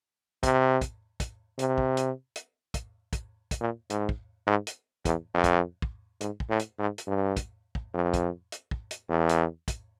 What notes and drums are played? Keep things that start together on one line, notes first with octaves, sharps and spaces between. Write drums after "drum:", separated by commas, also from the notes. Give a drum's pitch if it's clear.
C3, drum: kick, hi-hat
drum: kick, hi-hat
drum: kick, hi-hat
C3, drum: hi-hat
drum: kick
drum: hi-hat
drum: hi-hat
drum: kick, hi-hat
drum: kick, hi-hat
drum: kick, hi-hat
A#2
G#2, drum: hi-hat
drum: kick
G#2
drum: hi-hat
E2, drum: kick, hi-hat
F2
drum: kick, hi-hat
drum: kick
G#2, drum: hi-hat
drum: kick
A2
drum: hi-hat
G#2
drum: hi-hat
G2
drum: kick, hi-hat
drum: kick
F2
drum: kick, hi-hat
drum: hi-hat
drum: kick
drum: hi-hat
E2
drum: hi-hat
drum: kick, hi-hat